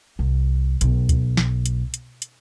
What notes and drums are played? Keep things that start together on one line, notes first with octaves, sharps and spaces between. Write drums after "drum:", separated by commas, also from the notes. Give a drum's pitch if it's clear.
C2
B1, drum: hi-hat
drum: kick, hi-hat
drum: snare
drum: hi-hat
drum: hi-hat
drum: hi-hat